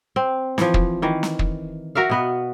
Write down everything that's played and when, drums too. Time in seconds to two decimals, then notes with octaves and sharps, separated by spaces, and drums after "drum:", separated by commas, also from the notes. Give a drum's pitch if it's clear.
0.16 C4
0.58 E3 F3, drum: snare
0.74 drum: kick
1.02 D#3 E3
1.23 drum: snare
1.39 drum: kick
1.95 F#4 A#4 E5 F5
2.10 B2 B3 B4